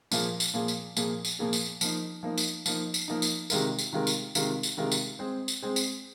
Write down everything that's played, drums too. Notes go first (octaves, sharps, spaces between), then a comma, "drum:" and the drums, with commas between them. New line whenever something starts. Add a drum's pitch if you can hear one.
A#2 F3 A#3 F4 G#4, drum: tambourine
drum: tambourine
A#2 F3 A#3 F4 G#4
drum: tambourine
A#2 F3 A#3 F4 G#4, drum: tambourine
drum: tambourine
A#2 F3 A#3 F4 G#4
drum: tambourine
F3 A#3 D#4, drum: tambourine
F3 A#3 D#4
drum: tambourine
F3 A#3 D#4, drum: tambourine
drum: tambourine
F3 A#3 D#4
drum: tambourine
C3 D#3 G#3 F4 A#4, drum: tambourine
drum: tambourine
C3 D#3 G#3 F4 A#4
drum: tambourine
C3 D#3 G#3 F4 A#4, drum: tambourine
drum: tambourine
C3 D#3 G#3 F4 A#4
drum: tambourine
G#3 C4 G#4 C5
drum: tambourine
G#3 C4 G#4 C5
drum: tambourine